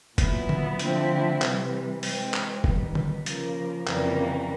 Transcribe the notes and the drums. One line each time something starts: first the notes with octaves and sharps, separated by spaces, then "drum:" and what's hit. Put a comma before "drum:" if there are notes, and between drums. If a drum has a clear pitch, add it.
A#2 F#3 B3 E4, drum: kick, hi-hat
drum: tom D3
D3 F3 A3 C4 E4, drum: hi-hat
C3 E3 G3, drum: clap
E3 G#3 C4, drum: open hi-hat
drum: clap
D#3 G3 B3, drum: kick
drum: tom D3
C#3 F3 A#3, drum: hi-hat
F2 C#3 E3 G3 A#3, drum: clap